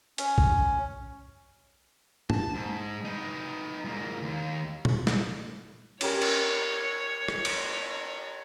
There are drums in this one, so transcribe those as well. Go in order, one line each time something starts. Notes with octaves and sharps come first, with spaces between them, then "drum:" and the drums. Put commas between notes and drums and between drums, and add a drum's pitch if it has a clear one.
C#4, drum: hi-hat
drum: kick A#1
A5, drum: tom
G#2
D#4 B4
G#2 A#3
D#2
drum: tom A#2
drum: snare
C#4 G4 A#4 C#5, drum: cymbal
drum: cymbal
drum: rim click
drum: cymbal